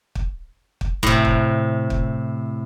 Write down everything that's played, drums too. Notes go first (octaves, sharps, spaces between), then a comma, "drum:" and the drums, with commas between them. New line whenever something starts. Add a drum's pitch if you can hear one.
drum: kick
drum: kick
A2 C3, drum: kick
drum: kick
drum: kick